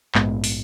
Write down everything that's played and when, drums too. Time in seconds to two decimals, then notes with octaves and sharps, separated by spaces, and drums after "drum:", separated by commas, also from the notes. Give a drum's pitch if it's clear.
0.15 A#1 G#2 G#3 B3, drum: clap
0.44 drum: open hi-hat